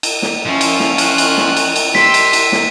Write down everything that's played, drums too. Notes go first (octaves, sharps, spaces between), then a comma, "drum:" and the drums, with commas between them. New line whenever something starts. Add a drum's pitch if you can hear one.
drum: cymbal
drum: snare
F3 C#4 E4 F4
drum: cymbal
drum: snare
F#6, drum: cymbal
drum: cymbal
drum: snare
drum: cymbal
drum: cymbal
G4 C6 E6 B6, drum: snare
drum: cymbal
drum: cymbal
drum: snare